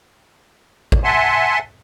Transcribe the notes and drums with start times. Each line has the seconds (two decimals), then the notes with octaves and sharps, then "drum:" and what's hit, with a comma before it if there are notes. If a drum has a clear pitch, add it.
0.92 drum: kick
1.04 E5 F#5 G#5 A5 C6